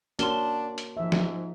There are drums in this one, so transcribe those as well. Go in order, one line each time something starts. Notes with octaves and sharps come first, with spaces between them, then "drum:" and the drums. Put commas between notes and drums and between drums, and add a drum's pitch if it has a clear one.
A#3 C#4 D4 F#4 A#4 A5 C6, drum: hi-hat
drum: hi-hat
G#2 F3 E5
drum: snare